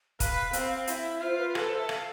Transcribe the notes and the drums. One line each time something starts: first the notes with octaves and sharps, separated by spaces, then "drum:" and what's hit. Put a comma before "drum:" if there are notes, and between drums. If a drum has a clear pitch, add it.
B4 F5, drum: kick, hi-hat
C4 F5, drum: hi-hat
F5
E4 E5, drum: hi-hat
F4 C5
B4
A4 B4, drum: rim click
C5
E5
F5, drum: rim click